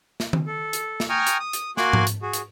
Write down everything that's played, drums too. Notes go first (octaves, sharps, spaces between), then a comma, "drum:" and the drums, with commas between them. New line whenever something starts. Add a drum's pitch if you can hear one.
drum: snare
drum: tom D#3
A4
drum: hi-hat
drum: snare
G5 G#5 A#5 C#6 D#6 F6
drum: hi-hat
D#6
drum: hi-hat
A#3 F#4 G#5 C6 D6 F#6, drum: snare
drum: tom G#2
drum: hi-hat
F#4 G#4
drum: hi-hat